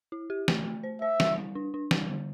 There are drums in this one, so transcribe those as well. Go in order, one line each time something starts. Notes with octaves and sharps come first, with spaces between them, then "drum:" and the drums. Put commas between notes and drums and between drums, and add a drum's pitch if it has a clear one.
E4
G4
A3, drum: snare
A3
C5
C5 E5
G3, drum: snare
G3
D4
D4
G3, drum: snare
D3